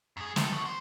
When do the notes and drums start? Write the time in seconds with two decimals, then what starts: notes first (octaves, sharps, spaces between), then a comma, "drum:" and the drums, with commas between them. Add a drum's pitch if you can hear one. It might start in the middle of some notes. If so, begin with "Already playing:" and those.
0.17 F#2 G#4
0.36 A4, drum: snare
0.52 F3 F#4
0.65 C5